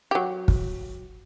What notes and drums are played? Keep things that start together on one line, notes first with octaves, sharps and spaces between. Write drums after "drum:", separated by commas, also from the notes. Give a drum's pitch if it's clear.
F#3 G4
drum: kick